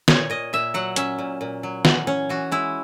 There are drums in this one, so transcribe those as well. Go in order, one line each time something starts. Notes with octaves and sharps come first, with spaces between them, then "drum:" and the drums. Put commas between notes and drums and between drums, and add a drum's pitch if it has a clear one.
A#2 C#5, drum: snare
A#2 D#5
A#2 E5
F#3 F#5
C#4 E5, drum: hi-hat
A#2
A#2
F#3
E3 F#5, drum: snare
C#4 C#5
E3 F#4
G#3 E4